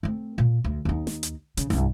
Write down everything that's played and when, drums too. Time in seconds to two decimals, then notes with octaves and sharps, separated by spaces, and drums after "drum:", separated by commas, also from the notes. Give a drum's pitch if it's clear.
0.03 A3 C4
0.38 A#2
0.64 D2
0.85 D#2 D#4
1.07 drum: snare
1.23 drum: hi-hat
1.57 C#3, drum: hi-hat
1.70 C2 G2, drum: snare